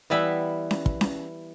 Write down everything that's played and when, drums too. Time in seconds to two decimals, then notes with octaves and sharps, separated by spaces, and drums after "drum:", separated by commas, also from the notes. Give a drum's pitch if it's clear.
0.10 E3 G3 B3 E4 B4 E5
0.71 drum: snare C#4
0.86 drum: kick
1.01 drum: snare C#4